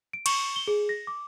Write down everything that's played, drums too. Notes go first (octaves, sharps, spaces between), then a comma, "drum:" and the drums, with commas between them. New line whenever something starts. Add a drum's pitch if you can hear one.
D7
C#6, drum: cymbal
G7
G#4
A#6
D6